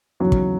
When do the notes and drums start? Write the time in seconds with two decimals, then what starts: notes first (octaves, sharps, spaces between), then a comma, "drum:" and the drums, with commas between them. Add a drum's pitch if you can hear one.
0.20 D#2 C#3 E3 F#3 B3 D#4 F#4
0.32 drum: kick